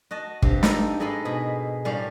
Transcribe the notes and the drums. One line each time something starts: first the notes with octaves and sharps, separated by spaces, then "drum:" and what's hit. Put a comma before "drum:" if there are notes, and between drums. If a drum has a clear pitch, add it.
F#4 D#5 A5
G2 C4 G4, drum: kick
D#4 A4 D5 D#5 G5, drum: snare
G#2 G#3 A4 D#5 B5 C6
B2 G#4 B5
A2 G3 C#4 C5 D5 F5